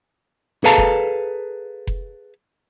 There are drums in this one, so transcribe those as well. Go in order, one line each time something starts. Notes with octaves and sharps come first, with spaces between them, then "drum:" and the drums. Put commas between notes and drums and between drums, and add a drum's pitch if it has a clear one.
G#4 A4 B4 F5 A5 A#5
drum: kick F1
drum: kick F1